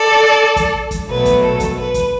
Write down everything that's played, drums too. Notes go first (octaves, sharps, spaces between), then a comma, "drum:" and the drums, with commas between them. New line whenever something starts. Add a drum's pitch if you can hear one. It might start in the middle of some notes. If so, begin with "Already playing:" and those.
Already playing: A4 D5
drum: kick, hi-hat
drum: kick, hi-hat
B2 F#3 A3 B4
drum: kick, hi-hat
A4
drum: kick, hi-hat
B4
drum: kick, hi-hat